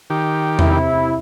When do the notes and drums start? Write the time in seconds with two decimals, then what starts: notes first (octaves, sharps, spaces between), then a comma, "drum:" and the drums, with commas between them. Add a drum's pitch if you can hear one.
0.10 D#3 G4
0.59 C3 E4, drum: tom E2